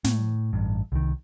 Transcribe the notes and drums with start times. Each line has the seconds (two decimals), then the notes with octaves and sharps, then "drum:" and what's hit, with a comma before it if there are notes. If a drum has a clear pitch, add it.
0.04 A2, drum: snare
0.53 A1 G2
0.92 C2 D#3